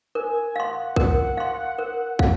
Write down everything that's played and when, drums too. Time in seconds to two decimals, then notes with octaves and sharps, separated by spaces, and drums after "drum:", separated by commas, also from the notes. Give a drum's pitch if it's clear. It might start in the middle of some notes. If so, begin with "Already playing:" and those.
0.15 A#4 G#5
0.56 F5 F#5 C6
0.96 A#4, drum: kick
1.37 F5 C6
1.78 A#4
2.19 F5, drum: kick